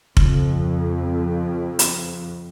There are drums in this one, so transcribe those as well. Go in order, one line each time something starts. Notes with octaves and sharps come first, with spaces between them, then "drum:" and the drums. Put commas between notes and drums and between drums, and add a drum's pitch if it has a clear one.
F2 C#3, drum: kick F1
drum: hi-hat